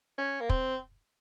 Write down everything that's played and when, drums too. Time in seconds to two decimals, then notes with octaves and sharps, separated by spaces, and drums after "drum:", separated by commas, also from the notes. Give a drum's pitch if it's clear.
0.18 C#4
0.40 A#3
0.49 C4, drum: kick